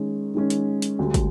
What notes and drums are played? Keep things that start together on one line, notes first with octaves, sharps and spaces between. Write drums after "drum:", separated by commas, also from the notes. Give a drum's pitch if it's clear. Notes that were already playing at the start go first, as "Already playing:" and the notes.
Already playing: D#3 G#3 C#4
D#3 G#3 C#4
drum: hi-hat
drum: hi-hat
D2 D3 G3
drum: kick, hi-hat